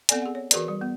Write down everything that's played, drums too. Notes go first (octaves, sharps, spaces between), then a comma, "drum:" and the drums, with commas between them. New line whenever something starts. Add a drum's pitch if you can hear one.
B3 C4 A4 D5 G#5, drum: hi-hat
G#4 F#5
C#5
E3 F#4 G#4 A#4 B4 D5, drum: hi-hat
G3
B3